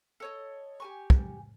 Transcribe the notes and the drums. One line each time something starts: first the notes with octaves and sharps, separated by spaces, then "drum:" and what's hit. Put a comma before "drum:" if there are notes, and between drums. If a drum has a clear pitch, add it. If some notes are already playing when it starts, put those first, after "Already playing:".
A4 C#5 D#5
G4 G#5 C#6
drum: kick